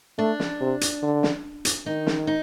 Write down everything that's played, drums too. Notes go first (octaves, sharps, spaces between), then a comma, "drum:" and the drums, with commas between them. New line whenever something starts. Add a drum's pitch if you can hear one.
A3 D4
drum: snare
C3
drum: hi-hat
D3
drum: snare
drum: hi-hat
D#3 D#4
drum: snare
D#4